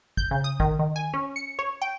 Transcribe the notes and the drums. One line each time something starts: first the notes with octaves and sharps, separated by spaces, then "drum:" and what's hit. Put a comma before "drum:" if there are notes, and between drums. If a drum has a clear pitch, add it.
G6, drum: kick
C#3
D#6
D#3, drum: kick
D#3
G#5
C#4
C#7
C#5
G5